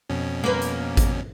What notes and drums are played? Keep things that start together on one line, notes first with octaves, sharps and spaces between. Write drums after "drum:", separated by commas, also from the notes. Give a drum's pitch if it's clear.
F2 B2 C#4
A#3 B4
drum: hi-hat
drum: kick G#1, hi-hat